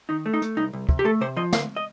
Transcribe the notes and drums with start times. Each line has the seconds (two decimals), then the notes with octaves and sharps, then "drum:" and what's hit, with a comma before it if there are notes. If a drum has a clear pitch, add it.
0.09 D#3 D#4
0.26 A3
0.34 D#4
0.42 A3, drum: hi-hat
0.57 C2 D#4
0.73 C2
0.89 C3, drum: kick
0.99 G4
1.04 A3 A4
1.21 C3 C5
1.37 F3 D#5
1.53 D2 F5, drum: snare
1.76 D#5